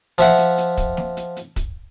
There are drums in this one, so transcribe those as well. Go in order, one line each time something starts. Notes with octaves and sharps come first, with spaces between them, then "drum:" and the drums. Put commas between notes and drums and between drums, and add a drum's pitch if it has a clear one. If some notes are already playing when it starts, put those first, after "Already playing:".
F3 E5 F#5, drum: snare
drum: hi-hat
drum: hi-hat
drum: kick, hi-hat
drum: snare
drum: hi-hat
drum: hi-hat
drum: kick, hi-hat